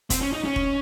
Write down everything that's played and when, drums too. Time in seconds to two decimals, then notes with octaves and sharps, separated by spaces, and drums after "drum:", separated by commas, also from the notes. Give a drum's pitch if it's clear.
0.10 C4, drum: kick, hi-hat
0.21 C#4
0.33 D#4
0.45 C#4
0.56 drum: kick